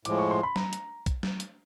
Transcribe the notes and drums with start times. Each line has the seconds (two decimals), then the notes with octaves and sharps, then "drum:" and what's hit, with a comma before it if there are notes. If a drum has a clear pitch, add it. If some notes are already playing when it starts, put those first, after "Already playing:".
0.05 A2 F3 G#3 D6, drum: hi-hat
0.18 C#6
0.31 C6
0.43 B5
0.56 A#5, drum: snare F#3
0.73 drum: hi-hat
1.06 drum: kick B1, hi-hat
1.23 drum: snare F#3
1.40 drum: hi-hat